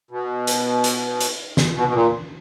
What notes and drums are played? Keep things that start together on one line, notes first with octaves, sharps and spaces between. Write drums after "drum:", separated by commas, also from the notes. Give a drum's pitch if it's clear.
B2
drum: hi-hat
drum: hi-hat
drum: hi-hat
drum: snare
B2
B2
A#2